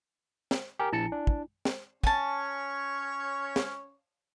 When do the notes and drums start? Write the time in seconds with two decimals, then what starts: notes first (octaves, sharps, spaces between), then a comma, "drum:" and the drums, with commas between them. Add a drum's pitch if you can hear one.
0.51 drum: snare
0.79 G4 A#4 G#5
0.93 A#1 E4 A5 C#7
1.12 D4
1.27 drum: kick
1.65 drum: snare
2.04 C#4 C#5 G#5 A5, drum: kick
3.56 drum: snare